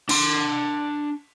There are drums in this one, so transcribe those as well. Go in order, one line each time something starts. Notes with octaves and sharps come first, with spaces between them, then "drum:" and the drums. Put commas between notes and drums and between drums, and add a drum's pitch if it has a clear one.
D4 C6, drum: cymbal